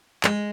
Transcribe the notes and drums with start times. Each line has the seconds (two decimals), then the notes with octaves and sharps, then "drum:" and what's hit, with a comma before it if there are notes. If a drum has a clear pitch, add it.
0.24 G#3, drum: clap